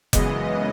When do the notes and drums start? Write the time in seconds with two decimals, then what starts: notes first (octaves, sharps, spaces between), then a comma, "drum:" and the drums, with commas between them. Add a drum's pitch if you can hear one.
0.13 F#2 C#3 E3 G#3 B3 D#5, drum: kick F1, hi-hat